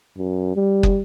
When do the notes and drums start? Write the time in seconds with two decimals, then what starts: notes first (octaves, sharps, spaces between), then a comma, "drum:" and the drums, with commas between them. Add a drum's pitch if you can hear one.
0.18 F#2
0.56 G3
0.83 drum: kick